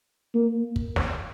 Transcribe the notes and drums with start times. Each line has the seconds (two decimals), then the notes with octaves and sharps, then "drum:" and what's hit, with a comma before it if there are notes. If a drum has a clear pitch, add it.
0.35 A#3
0.76 drum: kick
0.96 drum: snare